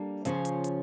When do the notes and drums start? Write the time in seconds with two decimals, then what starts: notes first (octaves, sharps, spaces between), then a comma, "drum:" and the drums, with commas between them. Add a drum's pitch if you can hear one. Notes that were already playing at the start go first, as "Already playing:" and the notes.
Already playing: G3 A#3 D4 A4
0.25 C#3 F3 C#4 F4 C#5, drum: hi-hat
0.45 drum: hi-hat
0.64 drum: hi-hat